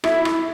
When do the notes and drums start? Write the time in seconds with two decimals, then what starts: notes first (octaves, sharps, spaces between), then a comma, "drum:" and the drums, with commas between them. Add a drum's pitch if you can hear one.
0.04 E4, drum: rim click
0.25 drum: rim click